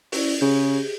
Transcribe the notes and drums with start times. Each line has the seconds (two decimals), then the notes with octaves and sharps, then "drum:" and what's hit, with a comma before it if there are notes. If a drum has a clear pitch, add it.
0.12 C#4 E4 D5, drum: open hi-hat
0.41 C#3 G4 G#4